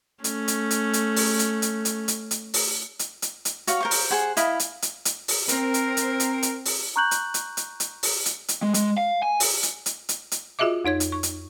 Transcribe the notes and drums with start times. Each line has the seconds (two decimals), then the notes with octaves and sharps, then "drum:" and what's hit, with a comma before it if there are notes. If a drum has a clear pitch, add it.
0.24 A3 C#4, drum: hi-hat
0.48 drum: hi-hat
0.71 drum: hi-hat
0.93 drum: hi-hat
1.16 drum: open hi-hat
1.39 drum: hi-hat
1.62 drum: hi-hat
1.85 drum: hi-hat
2.08 drum: hi-hat
2.31 drum: hi-hat
2.54 drum: open hi-hat
2.99 drum: hi-hat
3.22 drum: hi-hat
3.45 drum: hi-hat
3.67 F#4 C#5 F5, drum: hi-hat
3.80 A#4 C5 C#6
3.91 drum: open hi-hat
4.11 G#4 C5 F#5
4.37 E4 D#5 F5 B5, drum: hi-hat
4.60 drum: hi-hat
4.82 drum: hi-hat
5.05 drum: hi-hat
5.28 drum: open hi-hat
5.48 C4 A#4, drum: hi-hat
5.74 drum: hi-hat
5.97 drum: hi-hat
6.20 drum: hi-hat
6.43 drum: hi-hat
6.65 drum: open hi-hat
6.96 A#5 C#6 F#6 G6 F#7
7.11 drum: hi-hat
7.34 drum: hi-hat
7.57 drum: hi-hat
7.80 drum: hi-hat
8.03 drum: open hi-hat
8.26 drum: hi-hat
8.48 drum: hi-hat
8.62 G#3
8.74 G#3, drum: hi-hat
8.98 F5
9.23 G#5
9.40 drum: open hi-hat
9.63 drum: hi-hat
9.86 drum: hi-hat
10.09 drum: hi-hat
10.32 drum: hi-hat
10.59 F4 F#4 G#4 D#5 E5 D6
10.85 F2 D#4 C#5 G#6
11.00 drum: hi-hat
11.12 C#6
11.23 drum: hi-hat